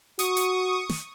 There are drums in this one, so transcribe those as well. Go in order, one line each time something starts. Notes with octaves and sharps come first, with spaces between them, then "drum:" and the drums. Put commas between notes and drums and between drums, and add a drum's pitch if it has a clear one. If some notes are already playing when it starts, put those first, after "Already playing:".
F#4 C#6 D#6, drum: hi-hat
drum: hi-hat
drum: snare